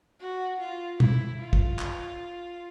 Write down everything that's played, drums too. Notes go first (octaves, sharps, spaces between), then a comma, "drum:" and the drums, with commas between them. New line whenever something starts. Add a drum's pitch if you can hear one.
F#4
F4
E4, drum: tom
F4
drum: kick
drum: clap